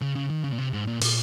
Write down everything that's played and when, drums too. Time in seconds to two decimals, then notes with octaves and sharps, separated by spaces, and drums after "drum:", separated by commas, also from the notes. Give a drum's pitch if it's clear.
0.01 C#3
0.15 C#3
0.30 D#3
0.44 C#3
0.52 A#2
0.58 C3
0.73 G#2
0.87 A#2
1.01 A#2, drum: open hi-hat